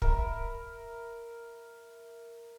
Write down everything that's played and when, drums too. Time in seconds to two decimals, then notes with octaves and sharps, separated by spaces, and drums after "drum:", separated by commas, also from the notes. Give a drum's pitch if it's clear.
0.02 A#4 E5 B5, drum: kick